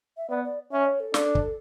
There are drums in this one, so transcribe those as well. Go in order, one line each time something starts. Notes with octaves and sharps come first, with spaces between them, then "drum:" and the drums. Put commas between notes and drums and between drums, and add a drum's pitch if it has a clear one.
E5
B3 D5
D5
C#4 E5
C#5
A4
D4, drum: snare
drum: kick